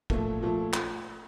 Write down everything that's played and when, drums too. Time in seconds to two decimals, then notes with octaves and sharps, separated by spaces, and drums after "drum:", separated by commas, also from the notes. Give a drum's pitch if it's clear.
0.10 A#2 F3 A3, drum: kick
0.41 A#2 F3 A3
0.73 drum: clap